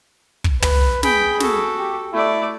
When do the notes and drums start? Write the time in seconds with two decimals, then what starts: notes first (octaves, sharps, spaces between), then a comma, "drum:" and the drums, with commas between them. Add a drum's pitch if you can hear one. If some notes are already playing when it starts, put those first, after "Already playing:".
0.44 drum: kick
0.62 B4, drum: tom
1.03 G#4 G5 B5, drum: snare
1.40 F#4 A4, drum: snare
1.78 G4
2.13 A3 E4 D5